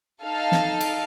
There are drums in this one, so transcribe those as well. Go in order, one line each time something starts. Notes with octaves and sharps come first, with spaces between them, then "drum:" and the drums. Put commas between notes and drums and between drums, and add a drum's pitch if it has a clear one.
D#4 A4 F5 A5
drum: snare
drum: cymbal